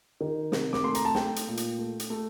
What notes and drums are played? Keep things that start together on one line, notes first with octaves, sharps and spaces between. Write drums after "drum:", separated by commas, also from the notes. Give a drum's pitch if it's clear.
D#3
C3, drum: snare
D6, drum: snare
A3 C6
A#5, drum: hi-hat
A5
A3 G5, drum: snare
drum: hi-hat
A#2
drum: hi-hat
A3
drum: hi-hat
A3